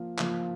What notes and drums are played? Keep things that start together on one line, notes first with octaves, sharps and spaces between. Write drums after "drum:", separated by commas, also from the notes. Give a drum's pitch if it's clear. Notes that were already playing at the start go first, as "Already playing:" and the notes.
Already playing: F3 A#3 F4
F3 A#3 F4, drum: clap